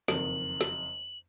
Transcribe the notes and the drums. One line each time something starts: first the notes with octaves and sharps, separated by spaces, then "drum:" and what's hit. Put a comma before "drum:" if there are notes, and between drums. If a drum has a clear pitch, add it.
F#1 F2 D#3 F#7, drum: snare
drum: snare